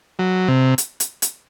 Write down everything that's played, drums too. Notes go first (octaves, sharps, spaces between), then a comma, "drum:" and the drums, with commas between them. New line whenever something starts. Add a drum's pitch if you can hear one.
F#3
C3
drum: hi-hat
drum: hi-hat
drum: hi-hat